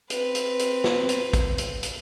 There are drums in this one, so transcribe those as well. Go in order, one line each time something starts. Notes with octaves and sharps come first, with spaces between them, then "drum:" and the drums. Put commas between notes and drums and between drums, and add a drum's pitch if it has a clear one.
C4 B4, drum: hi-hat
drum: hi-hat
drum: hi-hat
drum: snare
drum: hi-hat
drum: kick, hi-hat
drum: hi-hat
drum: hi-hat